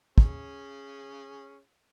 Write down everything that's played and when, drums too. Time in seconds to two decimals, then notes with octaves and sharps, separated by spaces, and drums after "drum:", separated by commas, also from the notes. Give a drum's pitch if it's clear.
0.18 C#4 G#4, drum: kick